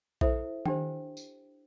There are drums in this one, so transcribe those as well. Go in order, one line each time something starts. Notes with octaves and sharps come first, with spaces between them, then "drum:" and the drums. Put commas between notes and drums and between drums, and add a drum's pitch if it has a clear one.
E4 A4 C5 E5, drum: kick A#1
D4 G4 C5 G5, drum: tom D#3
drum: tambourine